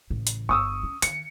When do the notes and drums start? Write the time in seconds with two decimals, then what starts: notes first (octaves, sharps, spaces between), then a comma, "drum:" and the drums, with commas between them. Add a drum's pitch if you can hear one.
0.10 A1 C#3
0.27 drum: hi-hat
0.49 G1 C#6 D#6 E6
0.83 C#4
1.02 D#3 C#7, drum: hi-hat